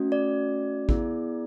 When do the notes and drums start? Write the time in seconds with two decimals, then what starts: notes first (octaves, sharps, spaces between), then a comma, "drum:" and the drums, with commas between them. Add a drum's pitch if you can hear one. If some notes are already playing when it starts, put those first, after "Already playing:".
Already playing: A3 C#4 F#4
0.12 D5
0.89 B3 E4 G#4, drum: kick A1